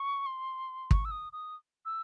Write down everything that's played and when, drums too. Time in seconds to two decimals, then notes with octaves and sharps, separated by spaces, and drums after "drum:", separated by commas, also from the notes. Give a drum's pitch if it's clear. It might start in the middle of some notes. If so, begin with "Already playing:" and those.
Already playing: C#6
0.26 C6
0.91 C#6, drum: kick
1.05 E6
1.11 D#6
1.33 D#6
1.85 E6